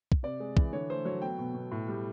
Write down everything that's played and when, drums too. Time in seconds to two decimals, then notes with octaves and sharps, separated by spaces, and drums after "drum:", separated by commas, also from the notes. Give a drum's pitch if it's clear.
0.12 drum: kick
0.23 C3 D5
0.40 G#3
0.57 E3, drum: kick
0.73 D3 C#5
0.90 A3 C5
1.05 F#3 C#5
1.22 B3 G5
1.39 B2
1.55 B2
1.71 A2
1.88 G3